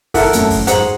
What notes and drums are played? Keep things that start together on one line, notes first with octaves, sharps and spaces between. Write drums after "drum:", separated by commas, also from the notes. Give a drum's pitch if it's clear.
E4 A4 A#4 F#5, drum: kick F2, open hi-hat
F#2 A3 A5, drum: hi-hat
drum: kick F2, open hi-hat
G#2 G#4 C5 F#5 A#5, drum: hi-hat